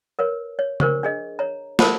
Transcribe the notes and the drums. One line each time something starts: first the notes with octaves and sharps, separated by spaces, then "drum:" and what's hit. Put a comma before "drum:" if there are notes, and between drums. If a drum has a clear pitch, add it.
A#4 B4 C#5
C#5
D4 A#4 C5 C#6, drum: tom C#3
D4 G#4 D#5
C#5 A#5
A4 A#4 C5 A5 B5 C#6, drum: snare